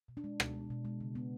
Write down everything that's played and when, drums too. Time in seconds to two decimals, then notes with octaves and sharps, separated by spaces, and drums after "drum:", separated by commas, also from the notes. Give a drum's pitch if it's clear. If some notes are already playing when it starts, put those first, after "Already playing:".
0.08 B2
0.17 D4
0.24 G#3
0.40 B2, drum: rim click
0.55 G#3
0.70 B2
0.85 G#3
1.01 C#3
1.15 B3